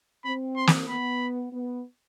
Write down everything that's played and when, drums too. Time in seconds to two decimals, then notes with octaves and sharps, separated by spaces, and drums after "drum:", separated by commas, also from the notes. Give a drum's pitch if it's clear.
0.24 C4 B5
0.56 C6
0.67 drum: snare
0.89 B3 B5
1.52 B3